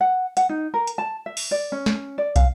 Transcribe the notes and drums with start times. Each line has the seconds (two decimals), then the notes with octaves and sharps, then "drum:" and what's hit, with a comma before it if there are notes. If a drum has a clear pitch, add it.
0.01 F#5
0.37 F#5, drum: hi-hat
0.49 D#4
0.74 A#4
0.87 drum: hi-hat
0.98 A5
1.26 E5
1.37 drum: open hi-hat
1.51 D5
1.72 C#4
1.86 drum: snare
2.18 D5
2.36 F5, drum: kick, hi-hat